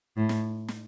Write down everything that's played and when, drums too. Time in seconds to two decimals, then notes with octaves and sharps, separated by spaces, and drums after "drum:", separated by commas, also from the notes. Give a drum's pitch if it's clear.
0.17 A2
0.29 drum: snare
0.68 drum: snare